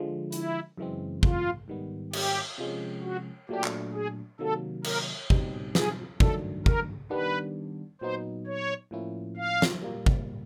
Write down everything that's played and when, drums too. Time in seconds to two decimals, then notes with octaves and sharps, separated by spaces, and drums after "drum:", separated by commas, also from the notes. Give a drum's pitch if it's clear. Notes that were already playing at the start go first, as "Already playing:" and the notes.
Already playing: D3 F3 G#3
0.32 E4, drum: hi-hat
0.77 F#2 C#3 E3 G#3 C4
1.23 F4, drum: kick
1.68 G#2 D#3 G3 B3
2.13 G4, drum: cymbal
2.58 C3 F3 G#3 C#4
3.03 F#4
3.49 A#2 F#3 A3 D4 G4
3.64 drum: clap
3.94 G#4
4.39 C3 D#3 F#3 A#3 A4
4.84 A#4, drum: cymbal
5.30 B2 G3 C4 D#4, drum: kick
5.75 G#4, drum: snare
6.20 G2 D#3 F#3 A3 D4 A4, drum: kick
6.66 A#4, drum: kick
7.10 D#3 G3 B3 D4 B4
8.01 A#2 F#3 B3 D#4 C5
8.47 C#5
8.91 A2 F3 A#3 C#4 E4
9.37 F5
9.62 drum: snare
9.82 A#2 G3 A#3
10.06 drum: kick